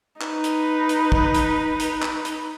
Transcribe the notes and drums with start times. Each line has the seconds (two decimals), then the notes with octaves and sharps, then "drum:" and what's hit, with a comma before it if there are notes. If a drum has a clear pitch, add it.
0.21 D#4 B4, drum: clap
0.44 drum: hi-hat
0.89 drum: hi-hat
1.12 drum: kick
1.35 drum: hi-hat
1.80 drum: hi-hat
2.02 drum: clap
2.25 drum: hi-hat